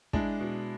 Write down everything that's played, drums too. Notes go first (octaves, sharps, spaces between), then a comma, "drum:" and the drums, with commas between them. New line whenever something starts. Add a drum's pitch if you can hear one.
G#3 D4 E4, drum: kick
B2